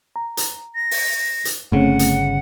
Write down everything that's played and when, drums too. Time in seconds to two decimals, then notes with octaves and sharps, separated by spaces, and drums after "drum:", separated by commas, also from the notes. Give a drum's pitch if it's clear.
0.16 A#5
0.37 drum: hi-hat
0.75 A#6
0.91 drum: open hi-hat
1.45 drum: hi-hat
1.72 G1 C#3 A3 C4 C#4 F#5
1.99 drum: hi-hat